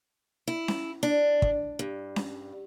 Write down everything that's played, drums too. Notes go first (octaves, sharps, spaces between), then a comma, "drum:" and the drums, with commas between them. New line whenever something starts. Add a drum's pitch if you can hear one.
E4
drum: snare C#4
D4
drum: kick
G2
drum: snare C#4